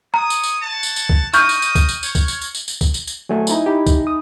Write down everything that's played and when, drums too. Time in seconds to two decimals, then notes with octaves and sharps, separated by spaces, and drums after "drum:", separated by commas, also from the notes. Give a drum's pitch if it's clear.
0.14 C#5 A#5 D#6
0.30 drum: tambourine
0.43 drum: tambourine
0.62 C#5 F#5 A5
0.83 drum: tambourine
0.96 drum: tambourine
1.09 drum: kick
1.33 D#5 G5 C#6 D#6 F6 G6, drum: tambourine
1.49 drum: tambourine
1.62 drum: tambourine
1.75 drum: kick, tambourine
1.89 drum: tambourine
2.03 C#5, drum: tambourine
2.15 drum: kick, tambourine
2.28 drum: tambourine
2.41 drum: tambourine
2.55 drum: tambourine
2.68 drum: tambourine
2.81 drum: kick, tambourine
2.94 drum: tambourine
3.07 drum: tambourine
3.29 F#3 A3 G#5
3.47 D#4 E4 B5, drum: tambourine
3.66 D#4 G4
3.87 drum: kick, tambourine
4.07 D#6